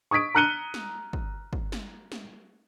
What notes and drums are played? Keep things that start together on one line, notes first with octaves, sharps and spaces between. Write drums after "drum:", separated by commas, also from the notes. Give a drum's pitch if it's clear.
C#6 D#6 G#6 B6 D7
A#5 F6 F#6 C#7 D#7 G7
drum: snare
drum: kick
drum: kick
drum: snare
drum: snare